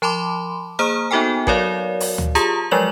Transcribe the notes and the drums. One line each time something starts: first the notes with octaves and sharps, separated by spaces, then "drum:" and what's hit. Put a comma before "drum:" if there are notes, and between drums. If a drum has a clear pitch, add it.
F3 A5 B5 C6 D6
A#3 G#4 C5 A#5 D#6 F6
B3 D#4 F#4 A4 G5 G#5
F#3 F#4 A#4 C#5 D5 F5, drum: kick A1
drum: open hi-hat
drum: tom D2
F4 G4 G#4 A5 A#5 D#6, drum: hi-hat
F3 F#3 G#3 D5 F#7